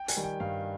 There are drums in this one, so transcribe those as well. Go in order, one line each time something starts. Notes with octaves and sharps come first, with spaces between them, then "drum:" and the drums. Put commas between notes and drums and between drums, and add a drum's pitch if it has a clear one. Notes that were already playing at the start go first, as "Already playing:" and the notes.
Already playing: G5
G#5, drum: hi-hat
D#3 G3
G5
G2 F5